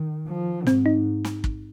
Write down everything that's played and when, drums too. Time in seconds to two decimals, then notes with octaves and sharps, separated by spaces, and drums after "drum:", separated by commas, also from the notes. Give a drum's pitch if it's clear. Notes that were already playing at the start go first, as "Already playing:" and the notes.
Already playing: D#3
0.28 F3
0.67 G#2 C4, drum: snare
0.86 D#4
1.25 drum: snare
1.44 drum: kick